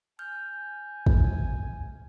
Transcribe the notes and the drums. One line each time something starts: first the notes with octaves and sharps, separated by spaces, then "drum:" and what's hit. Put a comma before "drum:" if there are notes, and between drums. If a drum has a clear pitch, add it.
G#5 F6 G6
drum: kick